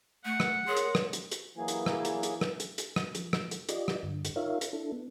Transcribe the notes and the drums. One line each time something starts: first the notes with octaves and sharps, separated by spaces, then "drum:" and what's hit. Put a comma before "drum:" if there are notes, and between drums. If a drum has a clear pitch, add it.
A3 F#5
drum: rim click
G#4 A#4 C#5 C6
drum: hi-hat
drum: rim click
drum: hi-hat
drum: hi-hat
E3 F#3 A#3 G#4
drum: hi-hat
drum: rim click
drum: hi-hat
drum: hi-hat
drum: rim click
drum: hi-hat
drum: hi-hat
drum: rim click
F3, drum: hi-hat
drum: rim click
drum: hi-hat
F4 G4 D5 D#5, drum: hi-hat
drum: rim click
G2 D3
drum: hi-hat
D#4 F4 A#4 C#5 E5 F5
drum: hi-hat
D4 E4 A4
B3